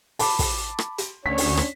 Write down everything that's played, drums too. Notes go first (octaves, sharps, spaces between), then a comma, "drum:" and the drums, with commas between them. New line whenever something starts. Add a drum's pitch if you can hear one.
A5 B5 D6, drum: open hi-hat
drum: kick, open hi-hat
drum: rim click
drum: hi-hat
D2 C#4 D4 C#5 B6
drum: open hi-hat
drum: rim click